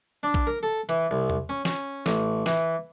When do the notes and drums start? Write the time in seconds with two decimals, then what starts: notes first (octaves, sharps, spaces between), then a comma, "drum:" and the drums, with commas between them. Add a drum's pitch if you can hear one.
0.23 D4
0.34 drum: kick A#1
0.47 A#4
0.63 A4
0.89 E3, drum: hi-hat
1.11 C2
1.30 drum: tom E2
1.49 C#4
1.65 C#4, drum: snare
2.06 A1, drum: snare
2.46 E3, drum: snare